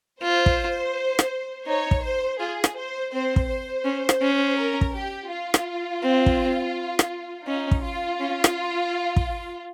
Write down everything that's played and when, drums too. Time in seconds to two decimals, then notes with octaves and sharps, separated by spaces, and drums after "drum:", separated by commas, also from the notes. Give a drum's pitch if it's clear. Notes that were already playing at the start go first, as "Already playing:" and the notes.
0.22 F4 C5
0.46 drum: kick
1.19 drum: rim click
1.67 D#4 C#5
1.91 drum: kick
2.03 C5
2.39 F4 G#4
2.64 drum: rim click
2.76 C5
3.12 C4 C5
3.36 drum: kick
3.48 C5
3.84 C#4
4.09 drum: rim click
4.21 C#4
4.57 A#4
4.81 drum: kick
4.93 G4
5.29 F4
5.54 drum: rim click
6.03 C4
6.26 drum: kick
6.99 drum: rim click
7.47 C#4 D#4
7.71 drum: kick
7.84 F4
8.20 C#4
8.44 drum: rim click
9.16 drum: kick